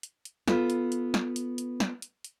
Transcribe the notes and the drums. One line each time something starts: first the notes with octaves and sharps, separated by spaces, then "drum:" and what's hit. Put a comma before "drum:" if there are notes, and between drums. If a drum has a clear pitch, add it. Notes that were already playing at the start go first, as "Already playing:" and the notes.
drum: hi-hat
drum: hi-hat
B3 F4 A4 B4, drum: snare
drum: hi-hat
drum: hi-hat
drum: snare
drum: hi-hat
drum: hi-hat
drum: snare
drum: hi-hat
drum: hi-hat